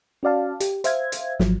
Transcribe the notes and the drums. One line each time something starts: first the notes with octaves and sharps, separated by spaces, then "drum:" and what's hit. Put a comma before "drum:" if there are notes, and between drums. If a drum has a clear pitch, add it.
C#4 F#4 D5 F5 A5
G4, drum: hi-hat
C5 E5 F5 G#6, drum: hi-hat
drum: hi-hat
G#1 F3 F#3, drum: snare